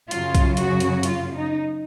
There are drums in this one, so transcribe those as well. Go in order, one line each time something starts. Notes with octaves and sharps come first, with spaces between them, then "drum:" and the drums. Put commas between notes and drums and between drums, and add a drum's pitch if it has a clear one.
F#2 C#3 F#3 F4, drum: hi-hat
drum: kick B1, hi-hat
F#4, drum: hi-hat
drum: hi-hat
F4, drum: hi-hat
D#4